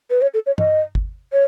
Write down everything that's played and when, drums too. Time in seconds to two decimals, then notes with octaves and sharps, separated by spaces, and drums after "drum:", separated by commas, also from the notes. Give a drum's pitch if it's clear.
0.10 B4
0.22 C#5
0.34 A4
0.46 C#5
0.58 D#5, drum: tom G2
0.95 drum: kick
1.33 C#5